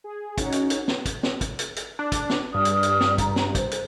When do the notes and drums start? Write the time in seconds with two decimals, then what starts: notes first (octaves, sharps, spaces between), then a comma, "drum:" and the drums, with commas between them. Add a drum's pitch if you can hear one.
0.04 G#4
0.38 C#4 D#4 F#4 C#5, drum: kick, hi-hat
0.52 drum: hi-hat
0.70 drum: hi-hat
0.88 drum: snare
1.06 drum: kick, hi-hat
1.23 drum: snare
1.41 drum: kick, hi-hat
1.59 drum: hi-hat
1.76 drum: hi-hat
1.99 D4
2.12 drum: kick, hi-hat
2.30 drum: snare
2.54 G2 D5 D#6 F6
2.65 drum: hi-hat
2.83 drum: hi-hat
3.01 drum: snare
3.18 A#5, drum: kick, hi-hat
3.36 drum: snare
3.55 C5, drum: kick, hi-hat
3.71 drum: hi-hat